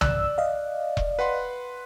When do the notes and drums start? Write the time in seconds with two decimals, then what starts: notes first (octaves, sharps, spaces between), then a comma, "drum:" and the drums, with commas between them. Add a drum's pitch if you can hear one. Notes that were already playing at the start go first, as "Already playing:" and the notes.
0.01 D5 E6 F#6, drum: tom
0.38 D#5 F5
0.97 drum: kick E1
1.19 B4 F#5 C6